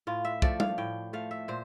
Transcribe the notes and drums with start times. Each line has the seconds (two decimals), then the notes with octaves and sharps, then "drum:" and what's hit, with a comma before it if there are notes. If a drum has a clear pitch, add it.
0.07 A2 F4
0.25 E5
0.42 F3 A3 D5, drum: kick
0.60 F5, drum: tom G3
0.78 A2 G5
1.13 F3 A3 F5
1.31 E5
1.48 A#2 C5